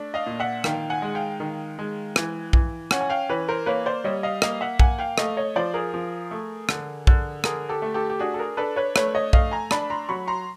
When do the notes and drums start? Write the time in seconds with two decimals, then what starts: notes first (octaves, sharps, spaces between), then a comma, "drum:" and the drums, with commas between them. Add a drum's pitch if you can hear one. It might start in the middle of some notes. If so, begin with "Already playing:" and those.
Already playing: A3 D4
0.14 D#5 F5
0.26 A#2
0.40 E5 F#5
0.64 D#3 F5 G5, drum: rim click
0.90 F#5 G#5
1.02 G#3
1.15 F5 G5
1.40 D#3
1.79 G#3
2.16 E3, drum: rim click
2.53 E3, drum: kick B1
2.91 C#4 F#5 G#5, drum: rim click
3.01 G#5
3.10 F5 G5
3.29 E3 B4 C#5
3.49 A#4 C5
3.66 A#3 B4 C#5
3.86 C5 D5
4.04 G3 C#5 D#5
4.23 D#5 F5
4.42 A#3 D#5 F5, drum: rim click
4.61 E5 F#5
4.79 A#3 F#5 G#5, drum: kick B1
4.99 F5 G5
5.18 A3 D#5 F5, drum: rim click
5.37 C#5 D#5
5.56 F3 C5 D5
5.74 G#4 A#4
5.94 F3
6.31 A3
6.69 D3, drum: rim click
7.07 D3, drum: kick B1
7.44 D3 G#4 A#4, drum: rim click
7.69 G4 A4
7.82 A3
7.94 G4 A4
8.10 G4
8.19 D4 F#4 G#4
8.34 A4
8.39 G#4 A#4
8.57 D4 A4 B4
8.76 B4 C#5
8.96 A3 B4 C#5, drum: rim click
9.15 C#5 D#5
9.33 A3 D#5 F5, drum: kick B1
9.51 G#5 A#5
9.71 D4 A5 B5, drum: rim click
9.90 A#5 C6
10.09 F#3 B5 C#6
10.27 A#5 C6